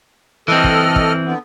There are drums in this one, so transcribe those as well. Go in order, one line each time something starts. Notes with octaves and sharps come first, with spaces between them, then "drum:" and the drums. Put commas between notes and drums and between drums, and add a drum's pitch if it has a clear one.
E3 C4 A4 D#5 F6
drum: kick
drum: kick
D3 B3